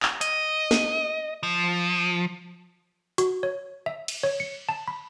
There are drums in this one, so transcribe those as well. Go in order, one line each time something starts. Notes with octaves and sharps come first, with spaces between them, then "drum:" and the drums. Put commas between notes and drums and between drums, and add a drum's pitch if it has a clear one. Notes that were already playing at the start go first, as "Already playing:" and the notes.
drum: clap
D#5, drum: hi-hat
drum: snare
F3
F#4, drum: hi-hat
C#5
E5
drum: cymbal
C#5
C#7
A5
B5